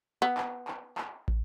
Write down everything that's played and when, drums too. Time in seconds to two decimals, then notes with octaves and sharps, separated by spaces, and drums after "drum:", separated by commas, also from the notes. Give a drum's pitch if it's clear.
0.22 B3
0.38 drum: clap
0.68 drum: clap
0.98 drum: clap
1.28 drum: kick